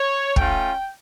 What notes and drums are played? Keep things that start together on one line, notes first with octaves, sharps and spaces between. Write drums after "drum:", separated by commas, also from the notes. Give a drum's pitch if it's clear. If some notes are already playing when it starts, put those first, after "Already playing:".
Already playing: C#5
A3 C#4 F4 G5, drum: kick